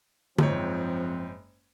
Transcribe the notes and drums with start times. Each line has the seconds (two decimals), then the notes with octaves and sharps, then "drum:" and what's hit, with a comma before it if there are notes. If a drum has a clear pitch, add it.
0.38 F#1 G#2 F3 C4 C#5, drum: tom D3